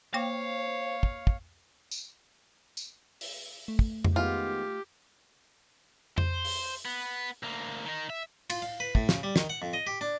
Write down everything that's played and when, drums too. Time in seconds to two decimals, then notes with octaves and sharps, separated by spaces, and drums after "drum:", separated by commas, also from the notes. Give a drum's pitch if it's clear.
0.14 A#3 C5 C#5 F5 G5 D6
1.03 drum: kick
1.27 drum: kick
1.91 drum: tambourine
2.77 drum: tambourine
3.21 drum: open hi-hat
3.68 A3
3.79 drum: kick
4.05 drum: tom F2
4.16 D#3 G#3 B3 F4 G4
6.18 C5, drum: tom F2
6.45 drum: open hi-hat
6.85 B3
7.43 D2 A#3
7.85 D#3 D#4
8.10 E5
8.50 F4, drum: cymbal
8.62 F5
8.80 B4
8.95 A2, drum: kick
9.09 C#3, drum: snare
9.23 G3
9.36 D#3, drum: snare
9.50 F#5
9.62 F2
9.73 D#5
9.87 G4
10.01 D4